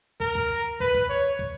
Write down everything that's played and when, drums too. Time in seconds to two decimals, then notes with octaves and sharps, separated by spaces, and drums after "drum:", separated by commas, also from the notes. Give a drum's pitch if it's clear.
0.20 A#4, drum: kick
0.35 drum: kick
0.80 B4, drum: kick
0.95 drum: kick
1.09 C#5
1.39 drum: kick